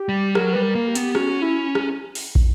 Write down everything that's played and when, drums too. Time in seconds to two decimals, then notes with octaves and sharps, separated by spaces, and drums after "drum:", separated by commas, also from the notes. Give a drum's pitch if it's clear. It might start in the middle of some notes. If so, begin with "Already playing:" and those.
Already playing: G4
0.09 G3
0.35 F#3 A#4, drum: rim click
0.53 G3 B4
0.62 A#4
0.75 A#3
0.88 G4
0.95 B3, drum: hi-hat
1.15 C#4 F#4, drum: rim click
1.42 E4
1.75 drum: rim click
2.15 drum: open hi-hat
2.35 drum: kick